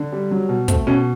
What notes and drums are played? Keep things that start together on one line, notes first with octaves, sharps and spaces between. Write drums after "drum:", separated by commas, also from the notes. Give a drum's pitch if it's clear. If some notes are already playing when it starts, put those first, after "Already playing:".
Already playing: D3
G3
F#3
B2
A3 C4, drum: kick, hi-hat
B2 C#4